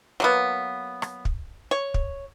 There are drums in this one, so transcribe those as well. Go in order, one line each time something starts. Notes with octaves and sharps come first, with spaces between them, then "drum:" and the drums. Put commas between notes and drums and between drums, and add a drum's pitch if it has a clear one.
F#3 A#3 B3
drum: rim click
drum: kick
C#5
drum: kick